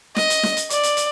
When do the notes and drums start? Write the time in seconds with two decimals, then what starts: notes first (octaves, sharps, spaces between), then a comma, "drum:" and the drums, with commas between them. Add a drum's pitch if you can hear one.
0.16 D#5, drum: snare
0.30 drum: hi-hat
0.43 drum: snare
0.57 drum: hi-hat
0.70 D5, drum: hi-hat
0.83 drum: hi-hat
0.97 drum: hi-hat